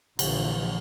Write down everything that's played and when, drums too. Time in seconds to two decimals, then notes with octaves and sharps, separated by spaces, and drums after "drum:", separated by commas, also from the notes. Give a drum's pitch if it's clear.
0.19 A#1 D3 E3 F3, drum: cymbal